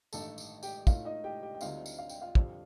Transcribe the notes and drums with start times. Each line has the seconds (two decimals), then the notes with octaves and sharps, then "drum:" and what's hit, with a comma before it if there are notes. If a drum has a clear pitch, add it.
0.13 A1 G2 D#3 A3 D#4 A4 A5, drum: tambourine
0.38 drum: tambourine
0.63 G4 G5, drum: tambourine
0.87 A2 A3 D#4 F4 F5, drum: kick, tambourine
1.05 D#4 D#5
1.24 G4 G5
1.42 G4 G5
1.55 G5
1.61 D2 D3 G3 C4 D#4 F4 F5, drum: tambourine
1.86 drum: tambourine
1.99 F5
2.10 G5, drum: tambourine
2.22 F4 F5
2.35 F2 D3 G3, drum: kick